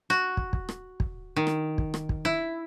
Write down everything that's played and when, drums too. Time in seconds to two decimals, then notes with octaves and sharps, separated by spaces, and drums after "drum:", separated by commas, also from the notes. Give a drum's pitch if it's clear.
0.10 F#4
0.37 drum: kick
0.53 drum: kick
0.69 drum: rim click
1.00 drum: kick
1.36 D#3
1.47 drum: rim click
1.78 drum: kick
1.94 drum: rim click
2.09 drum: kick
2.25 E4